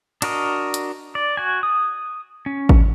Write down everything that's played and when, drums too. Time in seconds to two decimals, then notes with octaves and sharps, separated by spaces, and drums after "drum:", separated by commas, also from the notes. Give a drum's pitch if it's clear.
0.22 D4 F#4 A#4 D#5, drum: cymbal
0.74 drum: hi-hat
1.15 D5
1.37 F#4 G#5
1.63 D#6
2.46 C#4
2.69 drum: kick A1